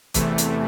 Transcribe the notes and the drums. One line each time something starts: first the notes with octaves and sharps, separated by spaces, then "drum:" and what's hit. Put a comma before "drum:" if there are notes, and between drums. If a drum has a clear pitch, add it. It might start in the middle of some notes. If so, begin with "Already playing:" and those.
E2 C3 E3 A3, drum: kick, hi-hat
drum: hi-hat